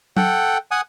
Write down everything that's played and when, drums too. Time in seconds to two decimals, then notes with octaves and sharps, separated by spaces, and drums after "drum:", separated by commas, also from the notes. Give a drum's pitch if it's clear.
0.17 A4 F#5 G5, drum: tom F#3
0.71 F#5 G#5 D#6